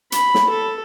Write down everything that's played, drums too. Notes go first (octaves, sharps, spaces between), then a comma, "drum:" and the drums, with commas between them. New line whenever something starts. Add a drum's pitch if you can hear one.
B5, drum: hi-hat
drum: snare
A4